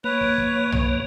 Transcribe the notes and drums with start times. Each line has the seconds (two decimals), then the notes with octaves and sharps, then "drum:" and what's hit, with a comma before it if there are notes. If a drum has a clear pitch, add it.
0.04 A#3 B4 C#5
0.21 drum: kick
0.38 drum: kick
0.72 drum: tom B1